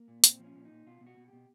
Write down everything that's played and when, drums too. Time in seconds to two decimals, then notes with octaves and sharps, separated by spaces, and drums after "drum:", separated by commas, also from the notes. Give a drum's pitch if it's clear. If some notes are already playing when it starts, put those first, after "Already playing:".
Already playing: A#3
0.08 A#2
0.24 A#2 C4, drum: hi-hat
0.39 F3
0.44 C#4
0.56 A#2
0.65 D#4
0.71 A#2
0.87 B2 F4
1.01 B2
1.07 F#4
1.17 B2
1.28 G4
1.33 B2